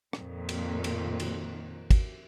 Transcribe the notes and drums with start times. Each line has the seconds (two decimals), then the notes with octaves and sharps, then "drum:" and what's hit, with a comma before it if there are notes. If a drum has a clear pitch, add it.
0.13 F2 A#2 D#3, drum: rim click
0.49 drum: cymbal
0.84 drum: cymbal
1.20 drum: cymbal
1.91 drum: kick, cymbal